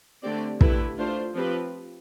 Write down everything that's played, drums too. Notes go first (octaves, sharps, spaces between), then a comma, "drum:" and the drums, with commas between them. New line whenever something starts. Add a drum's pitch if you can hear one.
D3 A3 C4 G4 D5
D3 A3 E4 G4 B4, drum: kick
A3 D4 F4 C5
F3 C4 G4 B4